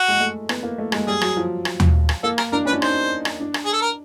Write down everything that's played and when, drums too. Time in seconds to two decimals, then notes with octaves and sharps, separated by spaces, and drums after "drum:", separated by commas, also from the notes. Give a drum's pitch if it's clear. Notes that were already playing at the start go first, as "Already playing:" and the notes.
Already playing: F#4
0.08 G#3
0.20 A3
0.49 B3, drum: rim click
0.63 A#3
0.78 A3
0.92 G#3, drum: rim click
1.07 G3 G#4
1.21 F#3, drum: rim click
1.37 F3
1.65 drum: rim click
1.80 drum: tom D#2
2.09 drum: rim click
2.23 A#3 A4
2.38 A#4, drum: rim click
2.52 D4 A#4
2.65 C#4 B4
2.73 D4
2.82 D#4 C5, drum: rim click
3.25 drum: rim click
3.40 D4
3.54 drum: rim click
3.65 G#4
3.73 A4
3.81 A#4